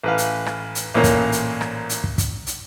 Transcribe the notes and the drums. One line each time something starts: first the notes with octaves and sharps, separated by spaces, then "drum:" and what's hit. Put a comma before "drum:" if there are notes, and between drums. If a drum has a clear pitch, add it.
A1 B4 F5
drum: hi-hat
drum: rim click
drum: hi-hat
A1 A#2 A#3 C5 C#5 A#5
drum: kick, hi-hat
drum: hi-hat
drum: rim click
drum: hi-hat
drum: kick
drum: kick, hi-hat
drum: hi-hat